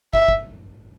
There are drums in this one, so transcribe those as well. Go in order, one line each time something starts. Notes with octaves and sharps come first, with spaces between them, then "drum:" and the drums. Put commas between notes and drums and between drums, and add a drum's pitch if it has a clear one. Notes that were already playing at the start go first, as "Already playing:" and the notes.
E5, drum: kick
drum: kick